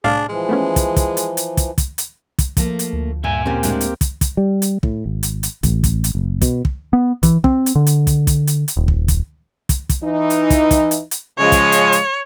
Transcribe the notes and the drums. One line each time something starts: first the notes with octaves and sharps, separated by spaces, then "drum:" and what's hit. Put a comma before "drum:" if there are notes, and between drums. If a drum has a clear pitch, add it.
C2 A2 D4 G#4 F5
E3 F3 G#3
A3 B3 C#4
drum: kick, hi-hat
drum: kick, hi-hat
drum: hi-hat
drum: hi-hat
drum: kick, hi-hat
drum: kick, hi-hat
drum: hi-hat
drum: kick, hi-hat
F3 A3 A#3, drum: kick, hi-hat
drum: hi-hat
D2
G2 A#2 E5 G#5
C#3 A#3 C4 C#4 G4
A2 G#3 D4, drum: hi-hat
drum: hi-hat
drum: kick, hi-hat
drum: kick, hi-hat
G3
drum: hi-hat
A2, drum: kick
G#1
drum: hi-hat
drum: hi-hat
A1, drum: kick, hi-hat
drum: kick, hi-hat
drum: hi-hat
F#1
B2, drum: kick, hi-hat
drum: kick
B3
E3, drum: kick, hi-hat
C4, drum: kick
drum: hi-hat
D3
drum: hi-hat
drum: kick, hi-hat
drum: kick, hi-hat
drum: hi-hat
drum: hi-hat
D#1
drum: kick
drum: kick, hi-hat
drum: kick, hi-hat
drum: kick, hi-hat
E3 D#4
drum: hi-hat
drum: kick, hi-hat
drum: kick, hi-hat
drum: hi-hat
drum: hi-hat
C#3 F3 G#3 C#5
drum: kick, hi-hat
drum: hi-hat
drum: hi-hat